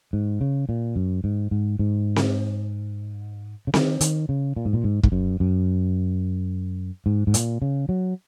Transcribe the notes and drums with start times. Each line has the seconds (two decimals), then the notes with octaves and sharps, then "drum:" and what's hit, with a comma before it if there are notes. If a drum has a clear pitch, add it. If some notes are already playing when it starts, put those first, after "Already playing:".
0.13 G#2
0.41 C#3
0.69 A#2
0.96 F#2
1.24 G#2
1.51 G#2
1.79 G#2
2.16 drum: snare C4
3.67 C#3
3.74 D#3, drum: snare C4
4.01 D#3, drum: hi-hat
4.29 C#3
4.56 A#2
4.65 G#2
4.73 A#2
4.84 G#2
5.03 G#2, drum: kick
5.12 F#2
5.40 F#2
7.06 G#2
7.27 G#2
7.34 A#2, drum: hi-hat
7.62 C#3
7.89 F#3